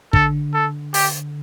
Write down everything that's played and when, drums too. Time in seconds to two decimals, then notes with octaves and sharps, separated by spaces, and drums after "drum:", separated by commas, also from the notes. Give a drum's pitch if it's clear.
0.13 D3 A4, drum: kick
0.54 A4
0.94 G4, drum: open hi-hat